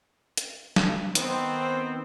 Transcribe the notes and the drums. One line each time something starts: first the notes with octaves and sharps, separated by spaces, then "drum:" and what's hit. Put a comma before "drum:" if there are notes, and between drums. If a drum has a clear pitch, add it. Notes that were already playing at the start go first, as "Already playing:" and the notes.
drum: hi-hat
drum: snare
D#3 B3 C4, drum: hi-hat